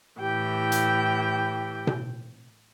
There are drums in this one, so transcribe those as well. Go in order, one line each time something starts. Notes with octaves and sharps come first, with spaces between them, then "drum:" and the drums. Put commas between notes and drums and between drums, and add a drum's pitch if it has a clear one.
A2 E3 G4 G5
drum: hi-hat
drum: tom B2